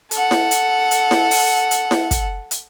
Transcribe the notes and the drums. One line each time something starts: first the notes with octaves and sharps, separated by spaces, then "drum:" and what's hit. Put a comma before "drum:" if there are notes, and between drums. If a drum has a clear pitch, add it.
A4 F#5, drum: hi-hat
drum: snare E4
drum: hi-hat
drum: hi-hat
drum: snare E4
drum: open hi-hat
drum: hi-hat
drum: snare E4
drum: kick, hi-hat
drum: hi-hat